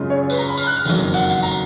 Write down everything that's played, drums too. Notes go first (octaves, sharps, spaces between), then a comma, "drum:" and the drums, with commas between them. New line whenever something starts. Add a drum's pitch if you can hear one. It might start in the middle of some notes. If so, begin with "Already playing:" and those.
Already playing: F#2 C#3 G#3 C#4 F4
C#5
B4, drum: tambourine
A#5
B5
F6, drum: tambourine
F#6
F6
F#1 F2 D#3 F#3, drum: tambourine
F#5, drum: tambourine
F#5, drum: tambourine
A#5, drum: tambourine